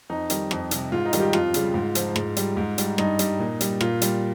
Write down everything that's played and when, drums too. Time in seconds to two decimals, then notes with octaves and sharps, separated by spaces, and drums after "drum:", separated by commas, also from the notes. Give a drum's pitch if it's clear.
0.09 F2 D#4
0.30 D#3 G3, drum: hi-hat
0.51 F2, drum: rim click
0.71 C3 G3, drum: hi-hat
0.92 G#2 F4
1.06 D#4
1.13 D#3 G3, drum: hi-hat
1.20 G4
1.33 F2 F4, drum: rim click
1.54 C#3 G3, drum: hi-hat
1.74 G#2
1.95 F3, drum: hi-hat
2.16 G#2, drum: rim click
2.37 G3, drum: hi-hat
2.57 G#2
2.78 G3, drum: hi-hat
2.98 G2 D#4, drum: rim click
3.19 G3, drum: hi-hat
3.39 A#2
3.61 G3, drum: hi-hat
3.81 A#2 F4, drum: rim click
4.02 G3, drum: hi-hat